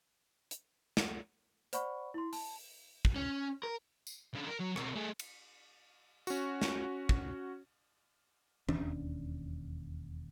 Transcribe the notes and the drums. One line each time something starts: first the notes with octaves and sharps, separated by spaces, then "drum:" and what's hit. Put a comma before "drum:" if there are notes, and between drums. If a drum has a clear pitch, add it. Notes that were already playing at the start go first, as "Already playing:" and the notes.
drum: hi-hat
drum: snare
C5 D5 F#5 B5 C#6, drum: hi-hat
E4 C6
A5, drum: open hi-hat
drum: kick
C#4
A#4
drum: tambourine
C#3 D4
A#4
F#3
B2 C4, drum: rim click
A3 G#4
drum: cymbal
C#4 F#4, drum: tambourine
drum: snare
drum: kick
E1 D#2 C#4 D4, drum: tom E3